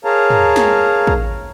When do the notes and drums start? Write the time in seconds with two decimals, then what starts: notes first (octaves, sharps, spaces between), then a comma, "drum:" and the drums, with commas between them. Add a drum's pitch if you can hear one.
0.05 G#4 A#4 C#5 F5 A5 A#5
0.30 drum: tom
0.56 drum: snare
1.07 drum: kick